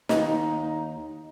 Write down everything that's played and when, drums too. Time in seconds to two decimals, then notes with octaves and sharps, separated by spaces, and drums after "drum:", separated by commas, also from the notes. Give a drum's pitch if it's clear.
0.09 D#2 D#4, drum: snare